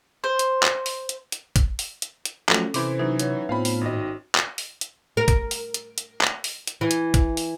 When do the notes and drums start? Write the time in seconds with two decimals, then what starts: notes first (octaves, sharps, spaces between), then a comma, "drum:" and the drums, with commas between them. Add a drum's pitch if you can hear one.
0.24 C5
0.39 drum: hi-hat
0.63 drum: clap
0.86 drum: open hi-hat
1.09 drum: hi-hat
1.32 drum: hi-hat
1.56 drum: kick, hi-hat
1.79 drum: open hi-hat
2.02 drum: hi-hat
2.25 drum: hi-hat
2.49 F3 F#3 A3 C#4 A4, drum: clap
2.74 C3 E3 E4 C5 D6, drum: open hi-hat
2.99 E3 F#3 D#4
3.19 B4 C#5 E5 F#5, drum: hi-hat
3.49 A2 A3 B3 C4 F4 F5 B5
3.65 drum: open hi-hat
3.81 G#1 D#4 F#4 D#5 G5
4.35 drum: clap
4.58 drum: open hi-hat
4.81 drum: hi-hat
5.17 A#4
5.28 drum: kick, hi-hat
5.51 drum: open hi-hat
5.74 drum: hi-hat
5.98 drum: hi-hat
6.21 drum: clap
6.44 drum: open hi-hat
6.67 drum: hi-hat
6.81 E3
6.91 drum: hi-hat
7.14 drum: kick, hi-hat
7.37 drum: open hi-hat